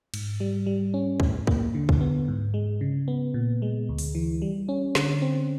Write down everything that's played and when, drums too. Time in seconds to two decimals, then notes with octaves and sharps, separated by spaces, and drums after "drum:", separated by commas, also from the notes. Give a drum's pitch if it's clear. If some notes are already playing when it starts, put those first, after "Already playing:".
0.14 G#2, drum: cymbal
0.40 G3
0.66 G3
0.94 C#4
1.20 A2, drum: kick
1.47 A#3, drum: kick
1.75 D3
1.89 drum: kick
2.01 B3
2.28 G#2
2.54 G#3
2.81 C#3
3.08 B3
3.34 A#2
3.62 G#3
3.89 D2
3.99 drum: open hi-hat
4.15 E3
4.42 G3
4.69 C#4
4.95 D3, drum: snare
5.22 C4